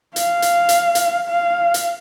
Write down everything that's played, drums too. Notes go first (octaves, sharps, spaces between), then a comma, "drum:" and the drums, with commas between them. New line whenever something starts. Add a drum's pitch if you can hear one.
F5, drum: hi-hat
drum: hi-hat
drum: hi-hat
drum: hi-hat
F5
drum: hi-hat